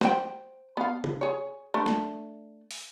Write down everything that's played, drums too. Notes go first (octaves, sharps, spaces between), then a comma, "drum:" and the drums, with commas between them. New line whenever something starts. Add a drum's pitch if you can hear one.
C5 G5, drum: snare
B3 F5
drum: tom
G#4 C#5
A3 D4
drum: snare
drum: open hi-hat